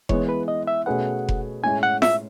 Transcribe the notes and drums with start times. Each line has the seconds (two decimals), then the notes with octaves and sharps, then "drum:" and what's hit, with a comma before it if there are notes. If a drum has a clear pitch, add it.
0.09 E3 G#3 B3 C#5, drum: kick F1
0.29 B4
0.48 D#5
0.67 E5
0.86 B2 A3 C#4 G#4 B4 F#5
1.29 drum: kick F1
1.63 A2 G#3 C#4 G#5
1.83 F#5
2.02 E5, drum: snare F4